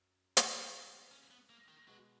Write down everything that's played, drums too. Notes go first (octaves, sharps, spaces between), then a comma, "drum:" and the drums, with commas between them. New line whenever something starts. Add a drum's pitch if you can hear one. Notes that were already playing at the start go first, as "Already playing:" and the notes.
Already playing: F#2
A#2 F3 G#3 B3, drum: hi-hat
C#4
B3
A#3
D#3
B2 F#3 G#3 B3